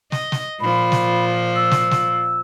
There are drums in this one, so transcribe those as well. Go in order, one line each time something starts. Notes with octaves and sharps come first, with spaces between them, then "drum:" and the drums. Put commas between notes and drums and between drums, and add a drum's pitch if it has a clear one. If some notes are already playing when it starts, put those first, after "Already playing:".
D#5, drum: snare
drum: snare
A#2 F3 B5
drum: snare
E6
drum: snare
drum: snare